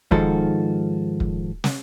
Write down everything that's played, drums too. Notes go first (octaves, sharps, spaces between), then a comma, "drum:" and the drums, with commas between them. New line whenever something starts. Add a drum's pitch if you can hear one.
G#2 D#3 F3 G#3 F#4 A4, drum: kick
drum: kick
drum: snare